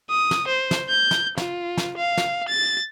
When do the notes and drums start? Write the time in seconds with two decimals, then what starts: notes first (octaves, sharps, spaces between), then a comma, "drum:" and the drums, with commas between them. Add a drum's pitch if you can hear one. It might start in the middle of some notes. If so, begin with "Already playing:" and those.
0.10 D#6
0.31 drum: snare
0.48 C5
0.71 drum: snare
0.89 G6
1.11 drum: snare
1.38 F4, drum: snare
1.78 drum: snare
1.97 F5
2.17 drum: snare
2.48 A6